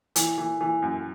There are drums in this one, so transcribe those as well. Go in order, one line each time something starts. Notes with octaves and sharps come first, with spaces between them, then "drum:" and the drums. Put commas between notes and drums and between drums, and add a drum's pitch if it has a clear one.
E3, drum: hi-hat
E3
E3
F#2